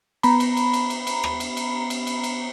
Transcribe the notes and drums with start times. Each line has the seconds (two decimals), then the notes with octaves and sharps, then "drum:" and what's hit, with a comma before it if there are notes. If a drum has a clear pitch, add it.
0.23 B3 A#5 B5, drum: cymbal
0.40 drum: cymbal
0.57 drum: cymbal
0.73 drum: cymbal
0.90 drum: cymbal
1.07 drum: cymbal
1.23 drum: rim click
1.40 drum: cymbal
1.57 drum: cymbal
1.90 drum: cymbal
2.07 drum: cymbal
2.24 drum: cymbal